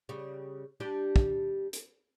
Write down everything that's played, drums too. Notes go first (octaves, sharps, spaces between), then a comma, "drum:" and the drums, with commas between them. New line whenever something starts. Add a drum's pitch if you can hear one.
C#3 G3
G3 D4 G4
drum: kick
drum: hi-hat